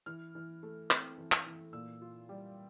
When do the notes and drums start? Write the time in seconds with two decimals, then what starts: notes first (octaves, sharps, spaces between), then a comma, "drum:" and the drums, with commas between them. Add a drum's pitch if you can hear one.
0.06 E3 F6
0.35 E3
0.63 A3
0.91 C4, drum: clap
1.18 E3
1.32 drum: clap
1.46 E3
1.73 A#2 E6
2.01 F4
2.29 G3